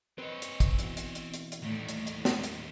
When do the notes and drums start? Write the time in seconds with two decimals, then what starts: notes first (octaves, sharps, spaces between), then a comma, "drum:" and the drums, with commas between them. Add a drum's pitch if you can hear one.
0.18 C4 B4 C#5 D#5
0.42 drum: hi-hat
0.60 drum: kick, hi-hat
0.79 B2 E3, drum: hi-hat
0.97 drum: hi-hat
1.15 drum: hi-hat
1.34 drum: hi-hat
1.52 drum: hi-hat
1.62 D#2 A2 G3
1.89 drum: hi-hat
2.07 drum: hi-hat
2.25 drum: snare
2.43 drum: hi-hat